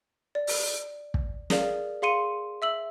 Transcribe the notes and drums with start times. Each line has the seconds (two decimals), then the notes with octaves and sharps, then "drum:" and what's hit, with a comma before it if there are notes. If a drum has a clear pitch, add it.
0.35 D5
0.47 drum: open hi-hat
1.14 drum: kick
1.50 G#4 A#4 D5 F5, drum: snare
2.02 G#4 F5 C6 C#7 D#7
2.62 E5 E6 F#7